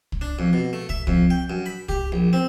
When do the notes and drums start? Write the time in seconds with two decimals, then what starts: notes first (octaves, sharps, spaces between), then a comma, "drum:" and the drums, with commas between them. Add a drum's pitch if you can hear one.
0.12 drum: kick
0.21 D4
0.39 F2
0.53 B2
0.73 A3
0.89 E5, drum: kick
1.07 F2, drum: kick
1.30 G5
1.50 F#2
1.66 B5
1.89 G4, drum: kick
2.12 A#1
2.33 C4